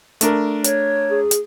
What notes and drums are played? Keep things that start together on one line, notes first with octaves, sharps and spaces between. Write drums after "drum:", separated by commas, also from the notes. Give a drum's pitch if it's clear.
A3 D4 A#4, drum: hi-hat
C#5, drum: hi-hat
G#4
drum: hi-hat